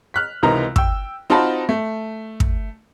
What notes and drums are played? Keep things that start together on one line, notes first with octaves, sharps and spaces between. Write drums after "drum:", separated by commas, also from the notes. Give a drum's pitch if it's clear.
F6 F#6 B6
C#2 C3 E3 D#4 A#4 A#5
G5 E6, drum: kick
C4 D#4 F4 F#4 A5 B5
A3
drum: kick